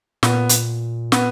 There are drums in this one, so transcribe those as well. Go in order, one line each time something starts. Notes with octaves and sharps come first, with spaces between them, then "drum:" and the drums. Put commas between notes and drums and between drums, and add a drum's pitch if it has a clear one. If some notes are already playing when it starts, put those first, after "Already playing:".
A#2 B3, drum: snare
drum: hi-hat
B3, drum: snare